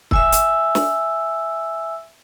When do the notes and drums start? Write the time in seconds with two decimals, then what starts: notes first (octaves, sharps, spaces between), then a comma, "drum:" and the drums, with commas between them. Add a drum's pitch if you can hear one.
0.11 E5 G#5 E6, drum: kick
0.32 drum: hi-hat
0.75 drum: snare